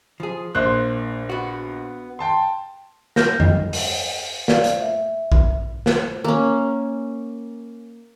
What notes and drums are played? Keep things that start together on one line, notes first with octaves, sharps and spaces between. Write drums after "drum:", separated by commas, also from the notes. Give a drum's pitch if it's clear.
F3 G#4
A#1 A#3 C5 F#6
B3 F#4
G5 A5 C6
F6 G6 A#6, drum: snare
D#5, drum: tom F2
drum: open hi-hat
D5 F5, drum: snare
drum: hi-hat
E5
drum: kick A#1
drum: snare
A#3 C#4